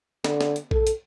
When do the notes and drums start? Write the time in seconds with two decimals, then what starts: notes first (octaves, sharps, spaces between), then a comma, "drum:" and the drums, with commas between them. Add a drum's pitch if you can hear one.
0.24 D3, drum: snare
0.41 drum: snare
0.56 drum: hi-hat
0.71 A4, drum: kick B1
0.87 drum: hi-hat